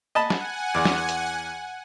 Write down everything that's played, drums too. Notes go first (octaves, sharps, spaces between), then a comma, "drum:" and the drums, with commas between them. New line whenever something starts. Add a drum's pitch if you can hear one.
D#5 F#5 G#5 A5 B5
drum: snare
E2 D5
drum: snare
drum: hi-hat